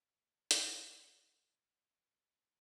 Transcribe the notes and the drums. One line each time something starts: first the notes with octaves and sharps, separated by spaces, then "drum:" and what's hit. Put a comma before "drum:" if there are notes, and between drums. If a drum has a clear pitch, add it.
G1 G2 A#2 C#3 C4 E4
drum: hi-hat
F#3 G3 D5
F2 D#7